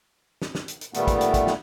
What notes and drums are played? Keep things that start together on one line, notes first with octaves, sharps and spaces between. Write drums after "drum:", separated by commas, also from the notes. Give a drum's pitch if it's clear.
drum: snare
drum: snare
drum: hi-hat
drum: hi-hat
A#2 D#3 G3 A3 B3, drum: hi-hat
drum: kick, hi-hat
drum: hi-hat
drum: kick, hi-hat
drum: snare